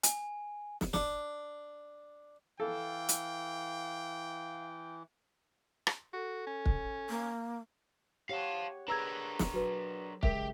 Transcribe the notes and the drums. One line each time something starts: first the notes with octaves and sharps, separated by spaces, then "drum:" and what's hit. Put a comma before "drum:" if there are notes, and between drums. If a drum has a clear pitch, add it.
G#5, drum: hi-hat
drum: snare
D4, drum: snare
E3 A4 F5 G5
drum: hi-hat
drum: rim click
F#4 A4
C#4
drum: kick
A#3
G4 C#5 F5 F#5 A5
D4 G#4 A#4 B4 A#5 E6 G#6
drum: snare
F#3 F#4 B4
C#3 G#3 G4 A#4 E5, drum: kick